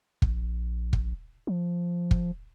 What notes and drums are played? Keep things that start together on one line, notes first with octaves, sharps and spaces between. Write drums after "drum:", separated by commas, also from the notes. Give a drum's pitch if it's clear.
A#1, drum: kick
drum: kick
F3
drum: kick